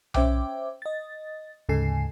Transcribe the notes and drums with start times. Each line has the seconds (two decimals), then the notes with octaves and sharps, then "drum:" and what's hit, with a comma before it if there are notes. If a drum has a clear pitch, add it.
0.14 C#4 C5 E5 G5 D6, drum: tom B1
0.82 D#5 A6
1.69 D2 G#2 C#3 A4 G#5 C7